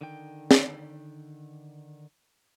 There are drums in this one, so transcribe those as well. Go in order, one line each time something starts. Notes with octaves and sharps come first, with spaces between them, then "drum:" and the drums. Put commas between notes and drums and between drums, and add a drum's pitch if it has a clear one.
D3 D#3 G5
drum: snare